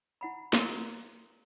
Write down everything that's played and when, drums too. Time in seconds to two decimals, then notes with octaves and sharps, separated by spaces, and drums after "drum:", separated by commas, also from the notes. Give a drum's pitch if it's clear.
0.21 E4 F#5 B5
0.53 A#4 B4 A#5 C6, drum: snare